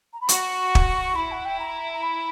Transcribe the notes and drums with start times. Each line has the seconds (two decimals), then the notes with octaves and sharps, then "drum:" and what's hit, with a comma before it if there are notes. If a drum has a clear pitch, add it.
0.13 A#5
0.21 B5
0.29 F#4 C#6, drum: hi-hat
0.75 drum: kick
1.04 C#6
1.15 E4 B5
1.32 F#5
1.45 G5
1.60 A#5
1.94 A#5
2.03 B5